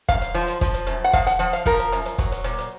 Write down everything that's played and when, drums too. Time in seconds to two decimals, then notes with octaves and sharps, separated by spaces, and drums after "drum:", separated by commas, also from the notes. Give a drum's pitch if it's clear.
0.09 F#2 F5, drum: kick, hi-hat
0.21 drum: hi-hat
0.34 F3, drum: hi-hat
0.48 drum: hi-hat
0.61 F3, drum: kick, hi-hat
0.74 drum: hi-hat
0.87 F#2, drum: hi-hat
1.04 F#5
1.13 F3 F5, drum: kick, hi-hat
1.27 F#5, drum: hi-hat
1.39 F3 F#5, drum: hi-hat
1.53 F5, drum: hi-hat
1.66 F3 A#4, drum: kick, hi-hat
1.79 drum: hi-hat
1.92 F#2, drum: hi-hat
2.05 drum: hi-hat
2.18 F#3, drum: kick, hi-hat
2.32 drum: hi-hat
2.44 A#2, drum: hi-hat
2.58 drum: hi-hat